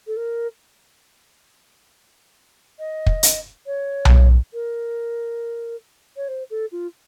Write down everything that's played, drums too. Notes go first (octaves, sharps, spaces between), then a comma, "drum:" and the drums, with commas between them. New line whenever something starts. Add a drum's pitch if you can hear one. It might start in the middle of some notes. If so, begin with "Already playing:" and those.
A4
A#4
D#5
drum: kick
drum: hi-hat
C#5
drum: tom B1
A#4
C#5
C5
A4
F4